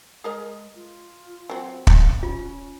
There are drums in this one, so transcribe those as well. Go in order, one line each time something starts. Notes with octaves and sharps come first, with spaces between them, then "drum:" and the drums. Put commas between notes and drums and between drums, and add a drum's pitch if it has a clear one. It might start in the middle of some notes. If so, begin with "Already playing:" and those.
G#3 G#4 A#4 D#5
F4
F#3 C4 F#5
drum: kick
C#4 F4